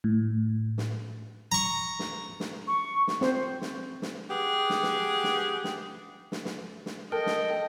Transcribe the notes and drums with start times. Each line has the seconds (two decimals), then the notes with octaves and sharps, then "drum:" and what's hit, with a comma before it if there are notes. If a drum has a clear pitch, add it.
0.04 A2
0.78 drum: snare
1.52 A#5 C#6
1.99 drum: snare
2.40 drum: snare
2.67 C#6
3.08 drum: snare
3.21 C4 C5, drum: snare
3.62 drum: snare
4.02 drum: snare
4.29 G4 G#4 B4 F#5
4.70 drum: snare
4.83 drum: snare
5.24 drum: snare
5.64 drum: snare
6.32 drum: snare
6.45 drum: snare
6.86 drum: snare
7.12 A4 A#4 D#5 G5
7.26 drum: snare